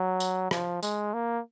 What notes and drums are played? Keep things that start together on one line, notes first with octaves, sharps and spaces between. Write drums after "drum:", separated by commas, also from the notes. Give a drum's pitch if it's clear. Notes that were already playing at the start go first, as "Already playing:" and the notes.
Already playing: F#3
drum: tambourine
F3, drum: rim click
G#3, drum: tambourine
A#3